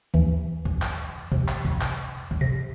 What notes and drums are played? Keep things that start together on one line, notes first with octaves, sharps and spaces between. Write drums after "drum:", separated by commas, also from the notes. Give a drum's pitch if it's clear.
D#2 E3
drum: kick
drum: clap
C3, drum: kick
drum: clap
drum: kick
drum: clap
drum: kick
C3 A#6